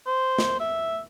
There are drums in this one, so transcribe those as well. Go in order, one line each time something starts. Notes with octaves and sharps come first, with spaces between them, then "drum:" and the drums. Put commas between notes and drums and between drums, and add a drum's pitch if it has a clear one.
C5
drum: snare
E5